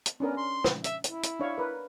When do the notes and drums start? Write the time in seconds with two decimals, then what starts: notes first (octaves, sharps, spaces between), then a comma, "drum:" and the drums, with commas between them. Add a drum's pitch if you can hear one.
0.06 drum: hi-hat
0.20 B3 C#4 D4 A#4
0.37 C6
0.64 drum: snare
0.84 E5, drum: hi-hat
1.04 E4, drum: hi-hat
1.23 drum: hi-hat
1.40 D4 C#5 F5
1.58 A#4 B4